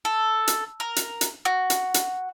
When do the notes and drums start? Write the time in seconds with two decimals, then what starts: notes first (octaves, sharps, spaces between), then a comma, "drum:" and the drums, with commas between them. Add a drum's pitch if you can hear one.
0.05 A4
0.47 drum: hi-hat
0.80 A#4
0.96 drum: hi-hat
1.21 drum: hi-hat
1.45 F#4
1.70 drum: hi-hat
1.94 drum: hi-hat